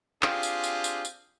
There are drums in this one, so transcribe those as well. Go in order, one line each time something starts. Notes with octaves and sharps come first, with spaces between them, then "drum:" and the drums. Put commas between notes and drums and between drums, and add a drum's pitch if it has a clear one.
C4 D4 F4 G4 G#4, drum: clap
drum: tambourine
drum: tambourine
drum: tambourine
drum: tambourine